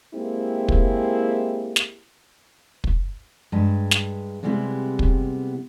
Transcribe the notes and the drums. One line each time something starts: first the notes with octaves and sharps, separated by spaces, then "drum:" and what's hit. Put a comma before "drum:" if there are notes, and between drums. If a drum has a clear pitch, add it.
G#3 A#3 C4 E4 G4 G#4
drum: kick
drum: snare
drum: kick
G2 G#3 B4 G5 A5
drum: snare
C3 G3 G#3 B3 C4 E4
drum: kick